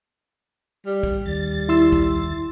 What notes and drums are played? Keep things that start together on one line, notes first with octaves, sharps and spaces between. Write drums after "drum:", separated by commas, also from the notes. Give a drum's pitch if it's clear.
G3
drum: kick
D#2 G3 A6
E4 C6 E6
drum: kick